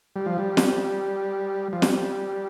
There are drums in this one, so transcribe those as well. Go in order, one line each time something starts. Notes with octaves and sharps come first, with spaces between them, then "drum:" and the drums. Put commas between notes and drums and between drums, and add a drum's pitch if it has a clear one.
G3
F3
G3
drum: snare
F3
G3, drum: snare